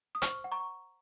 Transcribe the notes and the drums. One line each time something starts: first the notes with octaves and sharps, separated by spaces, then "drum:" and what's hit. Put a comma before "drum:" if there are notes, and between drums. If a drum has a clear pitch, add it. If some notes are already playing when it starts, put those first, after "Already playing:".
D#6
C5 C#6 F6, drum: hi-hat
F#5
A#5 C#6